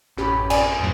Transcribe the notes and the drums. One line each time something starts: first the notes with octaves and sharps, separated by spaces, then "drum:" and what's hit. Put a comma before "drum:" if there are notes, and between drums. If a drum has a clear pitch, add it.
A1 F#2 C#4 G4 B5
D5 G#5, drum: cymbal
F2 A2 F#3